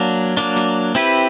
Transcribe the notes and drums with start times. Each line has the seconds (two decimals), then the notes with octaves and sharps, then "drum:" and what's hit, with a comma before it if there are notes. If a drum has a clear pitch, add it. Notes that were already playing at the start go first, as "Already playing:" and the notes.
Already playing: F#3 A#3 D4
0.37 F#3 A#3 D4, drum: hi-hat
0.56 drum: hi-hat
0.95 C4 E4 G4 B4, drum: hi-hat